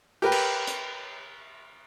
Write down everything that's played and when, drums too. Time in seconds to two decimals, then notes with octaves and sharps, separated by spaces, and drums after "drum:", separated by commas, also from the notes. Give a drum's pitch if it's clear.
0.22 G4 A#4 B4 G5
0.32 drum: cymbal
0.67 drum: hi-hat